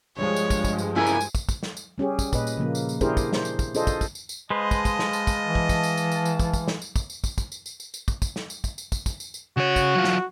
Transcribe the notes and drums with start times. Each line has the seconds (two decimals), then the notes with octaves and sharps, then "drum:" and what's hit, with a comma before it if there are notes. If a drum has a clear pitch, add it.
0.17 G2 F3 G#3 C#5
0.36 drum: tambourine
0.50 drum: kick, tambourine
0.64 drum: kick, tambourine
0.78 drum: tambourine
0.96 E4 G#4 A#4 G#5
1.07 drum: tambourine
1.21 drum: tambourine
1.35 drum: kick, tambourine
1.49 drum: kick, tambourine
1.63 drum: snare
1.77 drum: tambourine
1.98 G3 C#4 G4 G#4
2.19 drum: kick, tambourine
2.33 A#2 B4 D#5, drum: kick, tambourine
2.47 drum: tambourine
2.57 C#3 F3 A#3
2.75 drum: tambourine
2.89 drum: tambourine
3.01 D4 E4 G4 G#4 A#4 C5, drum: kick, tambourine
3.17 drum: kick, tambourine
3.33 C5, drum: snare
3.45 drum: tambourine
3.59 drum: kick, tambourine
3.75 D4 F4 G#4 A4 C5 D#5, drum: tambourine
3.87 drum: kick, tambourine
4.01 drum: kick, tambourine
4.15 drum: tambourine
4.29 drum: tambourine
4.50 G#3 B4 C5 D#5 F5 A5
4.71 drum: kick, tambourine
4.85 drum: kick, tambourine
4.99 drum: snare
5.13 drum: tambourine
5.27 drum: kick, tambourine
5.46 E3
5.55 drum: kick
5.69 drum: kick, tambourine
5.83 drum: tambourine
5.97 drum: tambourine
6.11 drum: tambourine
6.25 drum: tambourine
6.39 drum: kick, tambourine
6.53 drum: kick, tambourine
6.68 drum: snare
6.82 drum: tambourine
6.96 drum: kick, tambourine
7.10 drum: tambourine
7.24 drum: kick, tambourine
7.38 drum: kick, tambourine
7.52 drum: tambourine
7.66 drum: tambourine
7.80 drum: tambourine
7.94 drum: tambourine
8.08 drum: kick, tambourine
8.22 drum: kick, tambourine
8.36 drum: snare
8.50 drum: tambourine
8.64 drum: kick, tambourine
8.78 drum: tambourine
8.92 drum: kick, tambourine
9.06 drum: kick, tambourine
9.20 drum: tambourine
9.34 drum: tambourine
9.57 C#3 F#4 C#5
9.76 drum: kick, tambourine
9.95 F#3 F4
10.04 drum: snare